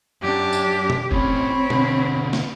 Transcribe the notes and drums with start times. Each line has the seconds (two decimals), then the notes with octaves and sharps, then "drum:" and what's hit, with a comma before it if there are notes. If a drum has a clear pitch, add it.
0.23 F#2 D4 G4
0.53 drum: tambourine
0.90 drum: tom B2
1.12 A2 C4 C#4 C#5 B5, drum: kick
1.70 B2 D3, drum: tom B2
2.33 drum: snare